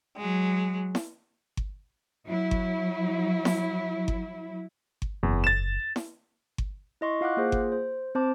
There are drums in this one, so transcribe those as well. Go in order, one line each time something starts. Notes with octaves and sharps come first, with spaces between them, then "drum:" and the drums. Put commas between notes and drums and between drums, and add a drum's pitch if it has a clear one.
F#3 G#3
drum: snare E4
drum: kick G1
F#3 E4
drum: kick G1
drum: snare E4
drum: kick G1
drum: kick G1
F#1 E2
A6 E7
drum: snare E4
drum: kick G1
E4 D#5 C6 C#6
F4 F5 F#5 D6 F#6
A#3 F4 G#4 C5
drum: kick G1
C5
C4 C5 A5 D6